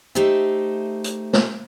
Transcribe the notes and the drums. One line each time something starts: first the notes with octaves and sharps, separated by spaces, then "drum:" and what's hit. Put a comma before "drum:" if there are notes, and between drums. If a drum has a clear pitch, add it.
A3 D#4 G4 C5 E5
drum: hi-hat
drum: snare